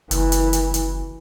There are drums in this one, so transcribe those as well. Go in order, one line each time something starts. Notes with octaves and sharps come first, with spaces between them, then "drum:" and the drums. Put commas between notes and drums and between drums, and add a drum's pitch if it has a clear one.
F#1 E3, drum: hi-hat
drum: hi-hat
drum: hi-hat
drum: hi-hat